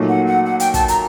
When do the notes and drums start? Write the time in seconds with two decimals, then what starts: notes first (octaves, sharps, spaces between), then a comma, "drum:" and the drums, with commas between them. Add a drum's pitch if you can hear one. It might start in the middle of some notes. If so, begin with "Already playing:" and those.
Already playing: A#2 F#3 A3 D#4
0.09 F#5
0.27 F#5
0.45 F#5
0.60 G5, drum: hi-hat
0.74 A5, drum: kick, hi-hat
0.88 A#5, drum: hi-hat